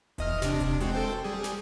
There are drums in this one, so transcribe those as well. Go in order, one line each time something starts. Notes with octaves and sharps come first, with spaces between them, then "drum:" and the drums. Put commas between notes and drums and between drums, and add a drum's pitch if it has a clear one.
E2 D#5 F6, drum: kick E1, hi-hat
C3 D4, drum: snare
drum: kick E1, hi-hat
G#3 C4 F#4, drum: hi-hat
A4 C5 G5
G3 G#4
drum: snare